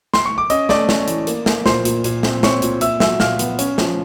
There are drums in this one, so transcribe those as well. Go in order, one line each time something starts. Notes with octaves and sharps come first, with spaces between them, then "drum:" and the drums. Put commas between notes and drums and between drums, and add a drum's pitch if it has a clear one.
C6, drum: snare
C#6
D6
C#4 D#5 D#6, drum: hi-hat
A3 D5 D6, drum: snare
C#4, drum: snare
E3, drum: hi-hat
A#3, drum: hi-hat
A#3, drum: snare
A#2 C5 C6, drum: snare
A#2, drum: hi-hat
A#2, drum: hi-hat
C4, drum: snare
C4 C#5 C#6, drum: snare
A#2, drum: hi-hat
A#2 E5 E6, drum: hi-hat
F#3 E5 E6, drum: snare
A#2 F5 F6, drum: snare
B3, drum: hi-hat
C#4, drum: hi-hat
F3, drum: snare